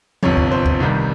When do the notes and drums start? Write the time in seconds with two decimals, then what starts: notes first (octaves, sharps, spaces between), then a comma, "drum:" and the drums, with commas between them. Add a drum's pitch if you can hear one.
0.23 G1 F2 C3 C#5, drum: tom F3
0.37 drum: kick D2
0.51 C5
0.66 drum: kick D2
0.80 C2 C3 D#3 G3